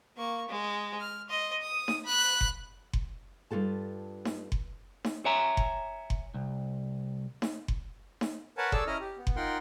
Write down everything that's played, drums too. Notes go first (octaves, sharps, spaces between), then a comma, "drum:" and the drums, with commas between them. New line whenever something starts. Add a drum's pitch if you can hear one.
A#3 C#6
G#3
F6
D#5 C6
D#6
drum: snare D#4
B5 F#6
drum: kick F#1
drum: kick F#1
G2 C3 F4 A4 A5
drum: snare D#4
drum: kick F#1
drum: snare D#4
C#5 E5 G#5 A#5
drum: kick F#1
drum: kick F#1
C2
drum: snare D#4
drum: kick F#1
drum: snare D#4
A#4 B4 C#5 F#5 G#5 A5
G#4 A4 C#5 D5 A5 E6, drum: kick F#1
C#4 E4 D#5 A#5 F6
G4
B3
drum: kick F#1
D#4 F4 A#4 F#5 G5 C6